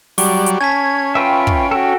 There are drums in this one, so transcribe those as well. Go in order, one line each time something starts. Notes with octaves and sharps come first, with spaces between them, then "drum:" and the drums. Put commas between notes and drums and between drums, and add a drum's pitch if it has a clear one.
F#3 G3 D5 C#6, drum: open hi-hat
drum: hi-hat
C#4 G#5 A5 G#6 B6
F4 B4 E5 G5
drum: kick
F#4 A4